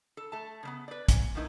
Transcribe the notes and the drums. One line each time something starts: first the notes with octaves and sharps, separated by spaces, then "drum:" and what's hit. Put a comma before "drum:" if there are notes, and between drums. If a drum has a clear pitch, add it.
A4
A3 A5
C#3 A#3 B3
B4 D5
A#2 G#5, drum: kick, hi-hat
F3 A3 B3 D#4 E4 A#4